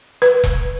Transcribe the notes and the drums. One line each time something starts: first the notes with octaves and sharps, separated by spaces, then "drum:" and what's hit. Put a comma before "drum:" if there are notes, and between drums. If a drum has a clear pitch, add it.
B4, drum: hi-hat
drum: kick E1, hi-hat